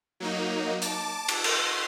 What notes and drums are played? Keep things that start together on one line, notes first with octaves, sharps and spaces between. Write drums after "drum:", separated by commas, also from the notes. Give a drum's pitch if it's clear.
F#3 A#3 D#4
A5 D6, drum: hi-hat
drum: cymbal
C6, drum: cymbal